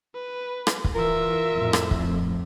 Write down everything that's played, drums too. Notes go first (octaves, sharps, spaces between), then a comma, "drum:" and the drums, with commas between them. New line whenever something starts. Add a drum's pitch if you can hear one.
B4
drum: rim click
drum: kick
E3 F4 A#4 E5
F2 A2 A3
drum: rim click
drum: kick